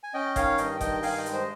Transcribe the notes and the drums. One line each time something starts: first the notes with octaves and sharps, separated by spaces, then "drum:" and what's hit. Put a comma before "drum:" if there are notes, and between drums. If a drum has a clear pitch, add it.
G#5
C#4 D#5 G5
D#3 C#5 F5, drum: kick F#1, hi-hat
G2 D#5 G5, drum: hi-hat
D#3 D#5 G5, drum: kick F#1, hi-hat
G2 F5 G#5, drum: open hi-hat
D#5 G5
G#3, drum: hi-hat
C5 D#5